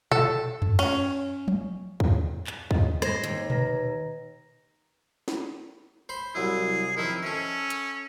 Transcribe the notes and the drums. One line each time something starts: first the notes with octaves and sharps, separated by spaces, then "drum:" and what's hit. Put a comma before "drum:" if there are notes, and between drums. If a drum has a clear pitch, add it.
A4, drum: tom A#2
drum: tom F2
C#4, drum: cymbal
drum: tom
drum: kick
drum: clap
D#5, drum: kick
C5 G#6 A#6, drum: rim click
D#2
B4 A#5 A#6, drum: tom A#2
drum: snare
C5 B5 C6
C2 F#3 E4 G#4
D#3 F3 C4 E4
C#4 A4 E5
drum: hi-hat